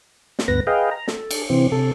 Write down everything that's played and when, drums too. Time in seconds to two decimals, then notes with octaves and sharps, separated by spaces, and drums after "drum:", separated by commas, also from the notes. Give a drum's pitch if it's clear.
0.39 drum: snare
0.48 D2 G2 B3 B4 A#6
0.67 G#4 B4 D#5 F5 G5
0.91 A#5
1.08 A4, drum: snare
1.31 drum: cymbal
1.50 C3 E3 C4
1.72 C3 A4